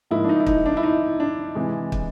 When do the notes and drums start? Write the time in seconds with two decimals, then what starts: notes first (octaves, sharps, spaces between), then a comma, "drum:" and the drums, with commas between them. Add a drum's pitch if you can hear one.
0.11 G#2 F3 A#3 E4
0.24 D4
0.29 D#4
0.40 E4
0.47 D#4, drum: kick
0.66 D4
0.77 E4
0.83 D#4
1.20 D4
1.55 C3 E3 G#3
1.92 drum: kick